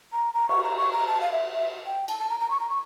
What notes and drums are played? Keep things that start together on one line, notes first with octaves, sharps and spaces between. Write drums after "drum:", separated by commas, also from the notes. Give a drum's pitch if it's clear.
A#5
A#5
C#6, drum: cymbal
A#5
C#6
A#5
A5
F5
E5
E5
G5
A5, drum: cymbal
A5
A#5
A#5
C#6
A#5
C#6